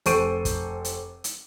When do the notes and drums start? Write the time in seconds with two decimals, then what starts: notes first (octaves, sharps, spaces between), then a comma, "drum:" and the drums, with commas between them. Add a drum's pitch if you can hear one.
0.06 F1 A4 C5 C#6 D7 D#7, drum: hi-hat
0.45 drum: kick, hi-hat
0.85 drum: hi-hat
1.24 drum: hi-hat